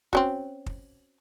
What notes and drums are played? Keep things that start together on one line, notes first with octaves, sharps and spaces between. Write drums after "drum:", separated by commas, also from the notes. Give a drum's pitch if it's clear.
C4 C#4 F#4, drum: kick
drum: kick